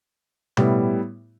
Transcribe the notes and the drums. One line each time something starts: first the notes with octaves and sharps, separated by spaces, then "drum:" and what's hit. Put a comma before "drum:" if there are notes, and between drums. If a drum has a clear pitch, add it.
A2 G3 B3 E4, drum: tom B2